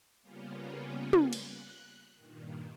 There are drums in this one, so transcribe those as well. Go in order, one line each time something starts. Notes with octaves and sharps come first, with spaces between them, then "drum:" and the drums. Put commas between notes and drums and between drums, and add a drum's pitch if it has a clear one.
C#3 G3 A#3 B3 C#4 F4
drum: tom
F#6, drum: cymbal
G2 A#2 D#3